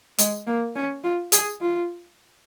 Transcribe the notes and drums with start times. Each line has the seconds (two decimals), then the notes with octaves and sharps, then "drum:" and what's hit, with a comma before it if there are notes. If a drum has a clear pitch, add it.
0.18 G#3, drum: hi-hat
0.47 A#3
0.76 C#4
1.04 F4
1.32 G#4, drum: hi-hat
1.61 F4